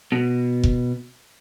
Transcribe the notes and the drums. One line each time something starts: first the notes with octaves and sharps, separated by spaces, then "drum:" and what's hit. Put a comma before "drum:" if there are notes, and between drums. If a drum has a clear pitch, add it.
B2
drum: kick F1